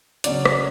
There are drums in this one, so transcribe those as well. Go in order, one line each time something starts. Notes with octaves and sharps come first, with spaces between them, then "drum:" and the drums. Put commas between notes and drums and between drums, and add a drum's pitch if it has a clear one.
C#3 F#3 C#4 D5, drum: hi-hat
drum: rim click